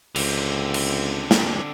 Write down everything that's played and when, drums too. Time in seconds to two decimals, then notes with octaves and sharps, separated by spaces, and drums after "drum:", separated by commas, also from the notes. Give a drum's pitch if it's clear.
0.16 C#2 D3 C4, drum: cymbal
0.74 drum: cymbal
1.31 drum: snare